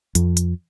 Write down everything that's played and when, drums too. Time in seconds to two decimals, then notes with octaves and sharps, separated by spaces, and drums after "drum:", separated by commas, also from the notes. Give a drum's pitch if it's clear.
0.15 F2, drum: hi-hat
0.37 drum: hi-hat